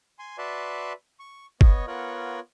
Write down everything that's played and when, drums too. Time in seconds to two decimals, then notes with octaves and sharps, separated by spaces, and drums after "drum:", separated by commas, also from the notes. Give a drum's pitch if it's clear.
0.19 G#5 C6
0.38 F#4 B4 D5 E5 A5 C6
1.20 C#6
1.61 B3 C#5 D#5, drum: kick G1
1.87 B3 F4 A#4 C#5 F#5